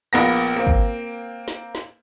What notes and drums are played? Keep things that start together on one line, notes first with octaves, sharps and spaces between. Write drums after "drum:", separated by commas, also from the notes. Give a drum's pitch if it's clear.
A#1 A#3 B3 A#6
A#3 C4
drum: kick
drum: snare
drum: snare